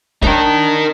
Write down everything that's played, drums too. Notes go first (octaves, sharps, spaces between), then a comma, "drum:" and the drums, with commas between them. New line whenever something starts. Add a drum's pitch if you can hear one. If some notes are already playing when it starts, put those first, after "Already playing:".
D4 D#4 A#4, drum: kick